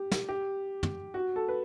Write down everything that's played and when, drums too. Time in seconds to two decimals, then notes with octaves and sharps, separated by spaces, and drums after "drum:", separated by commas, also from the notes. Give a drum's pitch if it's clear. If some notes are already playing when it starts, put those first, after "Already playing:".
Already playing: G4
0.12 drum: snare
0.29 G4
0.83 drum: tom
1.14 F#4
1.36 A4
1.49 B4